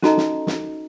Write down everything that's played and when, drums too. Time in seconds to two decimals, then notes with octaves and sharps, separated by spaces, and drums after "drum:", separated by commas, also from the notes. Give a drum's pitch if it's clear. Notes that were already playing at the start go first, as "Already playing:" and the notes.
0.02 C#4 D#4 F#4 A4 D#5 A#5, drum: snare
0.17 drum: snare
0.47 drum: snare